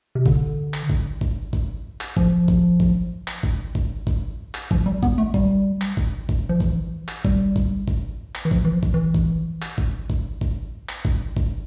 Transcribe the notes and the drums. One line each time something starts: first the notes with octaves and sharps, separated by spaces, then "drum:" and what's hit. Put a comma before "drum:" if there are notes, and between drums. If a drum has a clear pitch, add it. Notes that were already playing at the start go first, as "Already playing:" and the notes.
C3
D3, drum: kick G#1
drum: clap
drum: kick G#1
drum: kick G#1
drum: kick G#1
drum: clap
F3, drum: kick G#1
drum: kick G#1
drum: kick G#1
drum: clap
drum: kick G#1
drum: kick G#1
drum: kick G#1
drum: clap
F3, drum: kick G#1
G3
B3, drum: kick G#1
A3
G3, drum: kick G#1
drum: clap
drum: kick G#1
drum: kick G#1
F3
E3, drum: kick G#1
drum: clap
G3, drum: kick G#1
drum: kick G#1
drum: kick G#1
drum: clap
E3
F3, drum: kick G#1
E3
F3
drum: kick G#1
E3
drum: kick G#1
drum: clap
drum: kick G#1
drum: kick G#1
drum: kick G#1
drum: clap
drum: kick G#1
drum: kick G#1